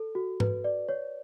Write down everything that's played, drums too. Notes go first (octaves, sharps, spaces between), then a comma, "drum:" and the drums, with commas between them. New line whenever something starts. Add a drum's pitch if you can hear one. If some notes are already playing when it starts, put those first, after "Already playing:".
Already playing: A4
F#4
B4, drum: tom G#2
D5
C#5